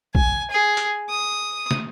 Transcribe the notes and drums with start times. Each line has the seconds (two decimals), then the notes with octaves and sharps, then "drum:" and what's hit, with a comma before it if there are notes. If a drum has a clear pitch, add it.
0.15 G#5, drum: kick
0.51 G#4
0.77 drum: hi-hat
1.09 D#6
1.71 drum: snare